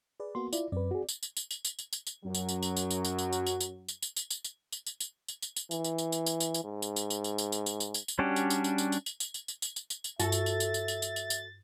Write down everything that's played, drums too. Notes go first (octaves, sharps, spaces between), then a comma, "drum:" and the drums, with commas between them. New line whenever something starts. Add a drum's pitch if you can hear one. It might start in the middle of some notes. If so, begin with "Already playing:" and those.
G#4 B4 D5
A#3 B3 F#4 C6
E4 F4 D5, drum: tambourine
F#2 C4 B4 D5
F#4 G#4
drum: tambourine
drum: tambourine
drum: tambourine
drum: tambourine
drum: tambourine
drum: tambourine
drum: tambourine
drum: tambourine
F#2 F#3
drum: tambourine
drum: tambourine
drum: tambourine
drum: tambourine
drum: tambourine
drum: tambourine
drum: tambourine
drum: tambourine
drum: tambourine
drum: tambourine
drum: tambourine
drum: tambourine
drum: tambourine
drum: tambourine
drum: tambourine
drum: tambourine
drum: tambourine
drum: tambourine
drum: tambourine
drum: tambourine
drum: tambourine
E3, drum: tambourine
drum: tambourine
drum: tambourine
drum: tambourine
drum: tambourine
drum: tambourine
drum: tambourine
G#2
drum: tambourine
drum: tambourine
drum: tambourine
drum: tambourine
drum: tambourine
drum: tambourine
drum: tambourine
drum: tambourine
drum: tambourine
drum: tambourine
G3 C#4 D4 F#4 G4
drum: tambourine
drum: tambourine
drum: tambourine
drum: tambourine
drum: tambourine
drum: tambourine
drum: tambourine
drum: tambourine
drum: tambourine
drum: tambourine
drum: tambourine
drum: tambourine
drum: tambourine
G2 F#4 A4 E5 A6, drum: tambourine
drum: tambourine
drum: tambourine
drum: tambourine
drum: tambourine
drum: tambourine
drum: tambourine
drum: tambourine
drum: tambourine